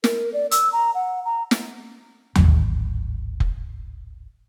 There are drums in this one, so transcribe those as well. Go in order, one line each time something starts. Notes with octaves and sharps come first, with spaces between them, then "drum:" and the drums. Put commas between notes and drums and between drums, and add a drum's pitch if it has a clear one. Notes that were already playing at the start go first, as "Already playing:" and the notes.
A#4, drum: snare
D5
E6, drum: hi-hat
A#5
F#5
A#5
drum: snare
D1 G#1, drum: tom
drum: kick F1